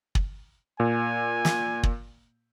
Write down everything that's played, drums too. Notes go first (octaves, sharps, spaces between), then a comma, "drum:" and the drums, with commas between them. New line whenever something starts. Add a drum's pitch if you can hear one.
drum: kick
A#2 G#5
drum: snare
drum: kick